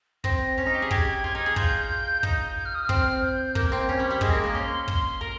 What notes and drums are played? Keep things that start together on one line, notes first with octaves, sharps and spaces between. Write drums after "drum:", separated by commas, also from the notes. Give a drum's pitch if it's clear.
C4 A#6, drum: kick
C#4
D#4
G4
G#4
G4 G#6, drum: kick
G#6
F4 G#6
D#4
G#4
F4 G6, drum: kick
D#4, drum: kick
G6
F6
D#6
F6
C4, drum: kick
G6
A#3 G6, drum: kick
C4
C#4 G#6
G3
G3
G#3 G#6, drum: kick
A#6
A#3
G#6
A#3 D#6
C#4 C6
drum: kick
A#4